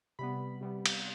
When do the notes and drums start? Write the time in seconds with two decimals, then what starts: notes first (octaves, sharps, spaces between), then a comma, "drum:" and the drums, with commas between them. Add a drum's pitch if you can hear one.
0.19 C3 G3 B3 B5
0.61 C3 G3 B3
0.86 drum: cymbal